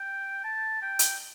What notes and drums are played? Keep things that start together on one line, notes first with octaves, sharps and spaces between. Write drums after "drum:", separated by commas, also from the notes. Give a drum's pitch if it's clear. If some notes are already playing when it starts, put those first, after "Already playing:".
Already playing: G5
A5
G5
drum: hi-hat